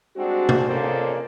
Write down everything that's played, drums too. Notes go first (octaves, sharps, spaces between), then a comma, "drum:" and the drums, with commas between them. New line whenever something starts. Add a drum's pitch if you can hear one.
G3 G#3 C4 D4 F#4
drum: tom C3
F2 C#3 A#3 A4 C5 D5